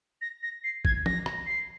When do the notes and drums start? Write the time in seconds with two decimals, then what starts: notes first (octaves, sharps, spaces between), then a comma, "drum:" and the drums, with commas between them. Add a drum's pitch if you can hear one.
0.22 A#6
0.43 A#6
0.64 C7
0.85 G#6, drum: kick A1
1.06 A#6, drum: tom
1.26 drum: rim click
1.46 C7